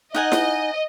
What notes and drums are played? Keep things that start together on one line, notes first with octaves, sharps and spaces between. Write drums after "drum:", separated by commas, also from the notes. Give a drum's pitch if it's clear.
D#4 D#5 F#5 G#5
drum: snare E4